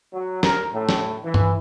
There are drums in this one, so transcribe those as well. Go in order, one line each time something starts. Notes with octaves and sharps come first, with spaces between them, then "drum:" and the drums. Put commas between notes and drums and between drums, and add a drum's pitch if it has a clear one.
F#3
A#4, drum: snare
A2
drum: snare
E3
drum: tom G2